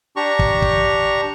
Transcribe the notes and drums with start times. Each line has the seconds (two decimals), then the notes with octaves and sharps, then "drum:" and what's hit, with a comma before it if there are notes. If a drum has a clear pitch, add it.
0.16 D4 G4 A#5 C#6
0.39 drum: kick
0.62 drum: kick